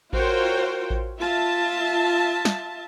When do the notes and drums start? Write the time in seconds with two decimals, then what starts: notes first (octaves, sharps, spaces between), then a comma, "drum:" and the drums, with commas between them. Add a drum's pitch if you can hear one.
0.13 F4 F#4 A#4 C5 C#5 G5, drum: kick A1
0.90 drum: kick A1
1.18 F4 E5 A5
2.45 drum: snare